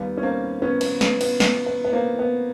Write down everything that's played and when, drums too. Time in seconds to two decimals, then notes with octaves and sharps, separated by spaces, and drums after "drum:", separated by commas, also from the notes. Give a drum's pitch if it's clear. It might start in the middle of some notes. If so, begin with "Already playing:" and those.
Already playing: D#2 D#3 G3 A#3 B3
0.17 C#4
0.23 A#3 C4
0.62 B3 C#4
0.81 B3, drum: cymbal
1.01 B3, drum: snare
1.21 B3, drum: cymbal
1.40 B3, drum: snare
1.66 B3
1.85 B3
1.93 A#3 C4
2.19 B3